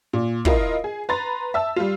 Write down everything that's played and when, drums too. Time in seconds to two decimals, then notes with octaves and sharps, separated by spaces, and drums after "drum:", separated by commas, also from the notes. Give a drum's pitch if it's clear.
0.13 A#2
0.45 E4 F4 A#4 D#5, drum: kick
0.84 G#4
1.09 B4 A#5 C6 A6
1.54 E5 A5 E6
1.76 G3 F4